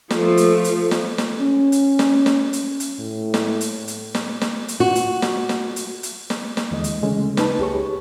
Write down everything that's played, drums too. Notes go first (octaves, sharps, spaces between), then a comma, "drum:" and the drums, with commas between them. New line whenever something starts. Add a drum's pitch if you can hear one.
F3 A3, drum: snare
drum: hi-hat
drum: hi-hat
drum: snare
drum: snare
C#4
drum: hi-hat
drum: snare
drum: snare
drum: hi-hat
drum: hi-hat
A2
drum: snare
drum: hi-hat
drum: hi-hat
drum: snare
drum: snare
drum: hi-hat
F#4
drum: hi-hat
drum: snare
drum: snare
drum: hi-hat
drum: hi-hat
drum: snare
drum: snare
D#2 D3 E3 G#3 D#5
drum: hi-hat
C#3 G#3 A3 C#4
D#4 B4 A5, drum: snare
C#2 G4 G#4 C#5 C#6